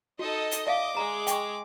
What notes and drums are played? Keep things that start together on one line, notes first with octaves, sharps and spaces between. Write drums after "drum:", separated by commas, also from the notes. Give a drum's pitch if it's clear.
D#4 F#4 A4 D#5
drum: hi-hat
D5 E5 F5 D6
G#3 A#5
G5 C#6, drum: hi-hat